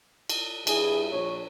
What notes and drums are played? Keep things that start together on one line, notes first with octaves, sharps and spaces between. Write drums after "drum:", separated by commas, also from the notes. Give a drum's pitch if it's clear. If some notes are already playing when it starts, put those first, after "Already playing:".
drum: cymbal
G2 E4 G#4, drum: cymbal
A#1 C#5